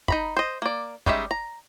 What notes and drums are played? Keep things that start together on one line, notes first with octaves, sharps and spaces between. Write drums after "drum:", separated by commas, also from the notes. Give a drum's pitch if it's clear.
D#4 A#5 B5, drum: kick
C5 D#5
A#3 D5
G3 G#3 C#4 D#4 E5, drum: kick
A#5